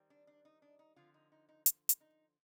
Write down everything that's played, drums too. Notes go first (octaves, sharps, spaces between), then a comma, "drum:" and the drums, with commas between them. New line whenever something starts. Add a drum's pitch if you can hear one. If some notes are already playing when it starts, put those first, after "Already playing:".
Already playing: D#3 G3 C4
D4
D4
D#4
D4
D#4
D3 F3 C4 F4
D#4
D#4
D#4
drum: hi-hat
drum: hi-hat
D#4